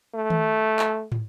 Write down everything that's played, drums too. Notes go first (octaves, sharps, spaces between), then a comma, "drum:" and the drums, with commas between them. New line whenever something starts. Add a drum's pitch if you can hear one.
A3
drum: tom D#3
drum: clap
drum: tom